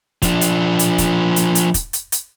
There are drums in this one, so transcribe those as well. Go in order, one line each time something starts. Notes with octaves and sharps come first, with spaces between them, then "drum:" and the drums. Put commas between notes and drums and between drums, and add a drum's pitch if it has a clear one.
F3 D4, drum: kick, hi-hat
drum: hi-hat
drum: hi-hat
drum: kick, hi-hat
drum: hi-hat
drum: hi-hat
drum: kick, hi-hat
drum: hi-hat
drum: hi-hat